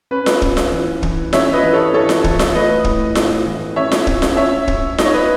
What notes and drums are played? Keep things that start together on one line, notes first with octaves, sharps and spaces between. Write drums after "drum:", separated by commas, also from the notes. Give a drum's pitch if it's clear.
C#4 B4
drum: snare F4
C#4, drum: kick
drum: snare F4
E3
E3, drum: kick
C#4 C#5 E5, drum: snare F4
B4 D#5
E3
A4 C#5
E3 A4 C#5
drum: snare F4
E3, drum: kick
drum: snare F4
A3 B4 D#5
A2, drum: kick
A2, drum: snare F4
E3
C#4 C#5 E5
drum: snare F4
C#4, drum: kick
drum: snare F4
C#4 C#5 E5
C#4, drum: kick
D#4 D#5, drum: snare F4
C#5
B4 D#5